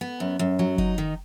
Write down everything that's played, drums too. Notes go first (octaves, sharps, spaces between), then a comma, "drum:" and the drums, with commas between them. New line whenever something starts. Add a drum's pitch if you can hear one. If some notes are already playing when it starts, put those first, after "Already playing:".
B3
F#2
F#2
F#3
D#4, drum: kick F#1
D#3